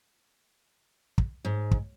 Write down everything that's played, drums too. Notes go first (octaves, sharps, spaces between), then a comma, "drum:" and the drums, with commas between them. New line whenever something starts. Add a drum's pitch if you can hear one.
drum: kick
G#2
drum: kick